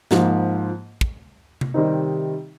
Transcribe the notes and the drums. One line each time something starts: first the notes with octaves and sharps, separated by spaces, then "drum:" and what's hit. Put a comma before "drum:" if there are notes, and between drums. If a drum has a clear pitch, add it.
G#2 F3 A#3, drum: snare
drum: kick
drum: tom C3
C3 D#3 G3 C4 D#4